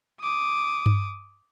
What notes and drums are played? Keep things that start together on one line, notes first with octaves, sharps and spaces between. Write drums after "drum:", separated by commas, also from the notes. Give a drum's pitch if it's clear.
D6 D#6
drum: tom G2